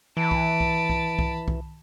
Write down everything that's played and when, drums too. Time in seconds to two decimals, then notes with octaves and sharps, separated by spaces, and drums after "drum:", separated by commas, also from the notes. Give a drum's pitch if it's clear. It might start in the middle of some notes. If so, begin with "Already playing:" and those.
0.17 E3 A5 B5 D7
0.31 drum: kick C2
0.60 drum: kick C2
0.89 drum: kick C2
1.19 drum: kick C2
1.48 drum: kick C2